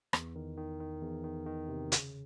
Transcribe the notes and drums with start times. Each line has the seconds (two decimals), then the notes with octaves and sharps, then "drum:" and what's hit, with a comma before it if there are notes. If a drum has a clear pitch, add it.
0.13 E2, drum: rim click
0.35 D#3
0.57 D#3
0.81 D#3
1.02 E2
1.24 D#3
1.46 D#3
1.69 C3
1.92 C#3, drum: hi-hat